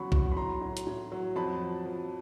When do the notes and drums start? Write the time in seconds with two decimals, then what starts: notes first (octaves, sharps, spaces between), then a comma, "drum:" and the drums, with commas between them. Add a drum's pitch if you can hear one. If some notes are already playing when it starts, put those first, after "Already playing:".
Already playing: E2 C#3 F#3 B5 C#6
0.12 E2, drum: kick
0.32 B5
0.37 F#3 A#5 C6
0.61 A2
0.77 drum: hi-hat
0.87 A2
1.12 F#3
1.36 F2 A5 B5
1.61 F3
1.86 F3